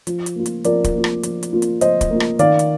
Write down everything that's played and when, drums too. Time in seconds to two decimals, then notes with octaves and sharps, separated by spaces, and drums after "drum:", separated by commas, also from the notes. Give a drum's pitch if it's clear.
0.07 F3, drum: hi-hat
0.26 drum: hi-hat
0.36 A#3 F4
0.46 drum: hi-hat
0.64 F3 A#4 D5, drum: hi-hat
0.84 drum: kick, hi-hat
0.94 A#3 F4
1.04 drum: rim click
1.23 F3, drum: hi-hat
1.43 drum: hi-hat
1.53 A#3 F4
1.62 drum: hi-hat
1.81 F3 C5 D#5, drum: hi-hat
2.01 drum: kick, hi-hat
2.10 A#3 F4
2.20 drum: rim click
2.39 D#3 D5 F5, drum: hi-hat
2.59 drum: hi-hat